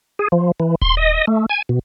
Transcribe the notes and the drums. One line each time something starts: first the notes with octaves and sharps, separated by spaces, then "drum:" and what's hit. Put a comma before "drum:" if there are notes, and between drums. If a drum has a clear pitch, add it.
G#4
F3
E3
C6, drum: kick D#1
D#5
A3
G#5
B2